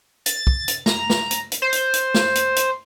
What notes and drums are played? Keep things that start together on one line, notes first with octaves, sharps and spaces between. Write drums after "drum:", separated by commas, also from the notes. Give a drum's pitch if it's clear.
A6, drum: hi-hat
drum: kick
drum: hi-hat
A#5, drum: snare
drum: snare
drum: hi-hat
drum: hi-hat
C5
drum: hi-hat
drum: hi-hat
drum: snare
drum: hi-hat
drum: hi-hat